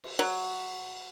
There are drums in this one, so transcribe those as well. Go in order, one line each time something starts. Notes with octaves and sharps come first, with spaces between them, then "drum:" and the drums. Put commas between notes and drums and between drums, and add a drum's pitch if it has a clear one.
drum: cymbal
F#3